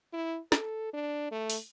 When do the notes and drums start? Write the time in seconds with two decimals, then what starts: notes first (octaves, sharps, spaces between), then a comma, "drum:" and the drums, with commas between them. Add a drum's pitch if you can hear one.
0.13 E4
0.52 A4, drum: snare
0.93 D4
1.32 A3
1.50 drum: open hi-hat